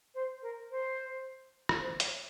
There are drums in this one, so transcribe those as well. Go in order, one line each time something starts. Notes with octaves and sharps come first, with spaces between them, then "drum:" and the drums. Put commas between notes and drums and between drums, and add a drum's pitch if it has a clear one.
C5
A#4
C5
drum: rim click
C5
C#5, drum: hi-hat